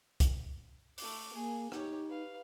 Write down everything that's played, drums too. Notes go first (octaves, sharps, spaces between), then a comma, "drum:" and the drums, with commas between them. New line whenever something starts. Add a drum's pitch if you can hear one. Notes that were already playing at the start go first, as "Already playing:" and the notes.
drum: kick, hi-hat
A3 D6, drum: open hi-hat
A#3 G#4
D#4 G4 C#5, drum: rim click
B4 F5